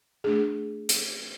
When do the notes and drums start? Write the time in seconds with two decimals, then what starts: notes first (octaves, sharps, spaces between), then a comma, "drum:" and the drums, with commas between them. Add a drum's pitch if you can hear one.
0.24 A3 D4 G#4
0.89 drum: hi-hat